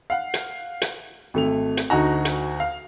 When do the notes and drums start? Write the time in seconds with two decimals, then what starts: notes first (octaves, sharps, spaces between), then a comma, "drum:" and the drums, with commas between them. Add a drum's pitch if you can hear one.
0.10 F5 F#5
0.34 drum: hi-hat
0.82 drum: hi-hat
1.34 G#1 A3 F7
1.77 drum: hi-hat
1.90 D2 D#4 F#4 A#5
2.25 drum: hi-hat
2.60 F5